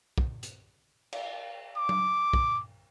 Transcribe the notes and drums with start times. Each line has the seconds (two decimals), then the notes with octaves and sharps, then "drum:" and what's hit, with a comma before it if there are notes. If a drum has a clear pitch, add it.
0.18 drum: kick
0.43 drum: hi-hat
1.13 drum: cymbal
1.77 D6
1.89 drum: tom F#3
2.33 drum: kick